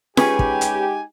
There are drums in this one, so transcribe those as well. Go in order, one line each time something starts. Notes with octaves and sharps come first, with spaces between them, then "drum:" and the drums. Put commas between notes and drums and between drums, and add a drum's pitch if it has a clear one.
G#3 C#4 D#4 G4 G#4 B4 G#5, drum: snare F4
drum: kick
drum: hi-hat